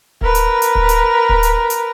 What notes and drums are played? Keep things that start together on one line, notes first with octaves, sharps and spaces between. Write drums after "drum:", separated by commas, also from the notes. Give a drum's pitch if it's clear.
A#4 B4, drum: kick D1
drum: hi-hat
drum: hi-hat
drum: kick D1
drum: hi-hat
drum: kick D1
drum: hi-hat
drum: hi-hat